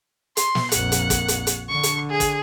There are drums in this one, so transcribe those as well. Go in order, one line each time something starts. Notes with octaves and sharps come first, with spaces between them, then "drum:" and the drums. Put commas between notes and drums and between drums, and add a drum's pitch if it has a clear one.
C6, drum: hi-hat
drum: snare
A#1 F2 A#3 F#5, drum: hi-hat
drum: hi-hat
drum: kick, hi-hat
drum: hi-hat
drum: hi-hat
D3 C#6
drum: hi-hat
G#4
drum: kick, hi-hat